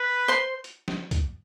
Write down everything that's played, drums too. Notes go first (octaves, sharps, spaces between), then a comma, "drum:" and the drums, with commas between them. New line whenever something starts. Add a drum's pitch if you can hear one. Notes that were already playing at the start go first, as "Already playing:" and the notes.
Already playing: B4
C5 C6
drum: hi-hat
drum: snare
drum: kick, hi-hat